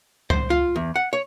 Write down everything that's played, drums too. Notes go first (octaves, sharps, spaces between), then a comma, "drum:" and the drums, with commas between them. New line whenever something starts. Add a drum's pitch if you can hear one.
C5, drum: tom
F4
E2
F#5
C#5